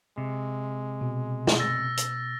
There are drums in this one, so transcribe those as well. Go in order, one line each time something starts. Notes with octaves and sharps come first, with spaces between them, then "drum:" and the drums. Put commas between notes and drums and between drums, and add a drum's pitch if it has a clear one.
C3 G#3
B2
drum: snare
E6 A6 A#6
drum: hi-hat